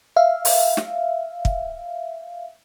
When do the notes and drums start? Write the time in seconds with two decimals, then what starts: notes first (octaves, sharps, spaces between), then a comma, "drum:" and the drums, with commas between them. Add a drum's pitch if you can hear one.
0.16 E5 F5
0.45 drum: open hi-hat
0.77 drum: snare
1.45 drum: kick